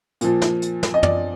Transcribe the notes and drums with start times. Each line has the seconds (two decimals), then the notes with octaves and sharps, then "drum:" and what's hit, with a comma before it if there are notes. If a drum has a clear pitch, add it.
0.21 A#2 F3, drum: hi-hat
0.42 drum: snare
0.62 drum: hi-hat
0.83 drum: snare
0.94 D#5
1.03 D5, drum: tom